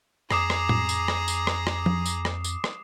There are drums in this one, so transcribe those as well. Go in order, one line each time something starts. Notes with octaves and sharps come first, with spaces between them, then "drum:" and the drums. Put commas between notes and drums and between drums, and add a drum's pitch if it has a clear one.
F2 G#4 A#5 D6 D#6 C7, drum: rim click
drum: rim click
drum: tom A2
drum: tambourine
drum: rim click
drum: tambourine
drum: rim click
drum: rim click
drum: tom F3
drum: tambourine
drum: rim click
drum: tambourine
drum: rim click